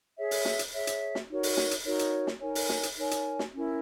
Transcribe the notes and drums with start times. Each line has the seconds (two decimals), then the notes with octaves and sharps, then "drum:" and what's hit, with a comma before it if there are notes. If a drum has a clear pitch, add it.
0.17 G#4 C#5 E5
0.31 drum: open hi-hat
0.45 drum: snare
0.59 drum: hi-hat
0.73 G#4 C#5 E5
0.87 drum: hi-hat
1.15 drum: snare
1.29 D#4 F#4 A#4 C#5
1.43 drum: open hi-hat
1.57 drum: snare
1.71 drum: hi-hat
1.85 D#4 F#4 A#4 C#5
1.99 drum: hi-hat
2.27 drum: snare
2.41 D#4 A#4 C#5 G#5
2.55 drum: open hi-hat
2.69 drum: snare
2.83 drum: hi-hat
2.97 D#4 A#4 C#5 G#5
3.11 drum: hi-hat
3.39 drum: snare
3.54 C#4 E4 A#4